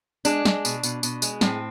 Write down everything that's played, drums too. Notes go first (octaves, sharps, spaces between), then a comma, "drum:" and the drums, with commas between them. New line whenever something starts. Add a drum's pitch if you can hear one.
G#3 D4, drum: tambourine
G#3, drum: snare
B2, drum: tambourine
B2, drum: tambourine
B2, drum: tambourine
G#3, drum: tambourine
A2 C4, drum: snare